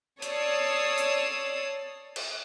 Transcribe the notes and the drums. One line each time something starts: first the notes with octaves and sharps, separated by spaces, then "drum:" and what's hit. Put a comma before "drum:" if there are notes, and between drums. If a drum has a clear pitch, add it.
C#5 D5 A5 D#6 E6 C7, drum: hi-hat
drum: hi-hat
drum: cymbal